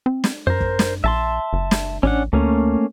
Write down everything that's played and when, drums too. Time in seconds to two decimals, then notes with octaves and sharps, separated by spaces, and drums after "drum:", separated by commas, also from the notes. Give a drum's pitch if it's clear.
0.06 C4
0.24 drum: snare
0.47 F#2 A#4 C5
0.61 drum: kick
0.79 drum: snare
1.04 A#1 E5 A5 C6
1.53 F#1
1.71 drum: snare
2.03 A1 C#4 D4 F#5
2.33 D2 A3 A#3 C#4